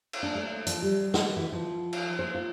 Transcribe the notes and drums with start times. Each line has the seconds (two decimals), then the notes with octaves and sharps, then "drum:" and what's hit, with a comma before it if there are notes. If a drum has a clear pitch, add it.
0.13 drum: cymbal
0.23 D4
0.35 A3
0.67 F3, drum: hi-hat
0.82 G3
1.14 F#4, drum: snare
1.36 E3
1.52 F3
1.93 drum: cymbal
2.19 C5
2.34 F4